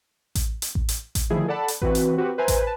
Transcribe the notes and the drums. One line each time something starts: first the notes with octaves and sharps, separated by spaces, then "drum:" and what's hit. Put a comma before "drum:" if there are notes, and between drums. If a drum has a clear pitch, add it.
drum: kick A1, hi-hat
drum: hi-hat
drum: kick A1
drum: hi-hat
drum: kick A1, hi-hat
D3 D#3 F3 A3 E4 G#4
A4 D5 F#5 A5 B5
drum: hi-hat
E3 C4 F#4 B4, drum: kick A1
drum: hi-hat
C4 F#4 G4 B4
B4 C5 E5 G#5 A#5
drum: kick A1, hi-hat
B4 A5